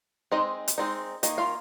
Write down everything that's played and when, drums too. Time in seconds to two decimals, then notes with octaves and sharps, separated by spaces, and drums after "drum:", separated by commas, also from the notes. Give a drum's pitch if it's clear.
0.32 G#3 C4 D#4 D#5
0.68 drum: hi-hat
0.78 G#3 C4 D#4
1.23 D#3 A#3 D#5, drum: hi-hat
1.38 F4 F5